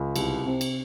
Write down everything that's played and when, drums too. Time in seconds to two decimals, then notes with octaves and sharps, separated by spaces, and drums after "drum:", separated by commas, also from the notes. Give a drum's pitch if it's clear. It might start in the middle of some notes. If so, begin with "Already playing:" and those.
Already playing: C#2
0.16 C2, drum: cymbal
0.45 C3
0.61 drum: cymbal